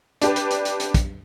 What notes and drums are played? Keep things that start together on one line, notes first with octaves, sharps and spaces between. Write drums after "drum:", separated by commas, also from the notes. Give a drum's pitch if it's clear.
D4 G4 B4, drum: hi-hat
drum: hi-hat
drum: hi-hat
drum: hi-hat
drum: hi-hat
drum: kick, hi-hat